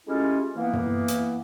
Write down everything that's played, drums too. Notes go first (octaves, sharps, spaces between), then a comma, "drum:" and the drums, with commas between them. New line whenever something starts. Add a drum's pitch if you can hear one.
G#3 A3 C#4 E4 F4 G4
E3 A#3 B3
drum: tom
drum: hi-hat